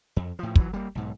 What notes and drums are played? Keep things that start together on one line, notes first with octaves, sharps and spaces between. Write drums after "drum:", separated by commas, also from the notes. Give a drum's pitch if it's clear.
F2
A2 F3
E3 F#3, drum: kick
G3 A#3
B1 G#2